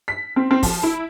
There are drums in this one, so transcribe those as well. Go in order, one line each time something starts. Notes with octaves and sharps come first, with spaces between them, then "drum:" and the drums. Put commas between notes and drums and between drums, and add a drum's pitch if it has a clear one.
B6
C4
C4
F3, drum: kick, open hi-hat
E4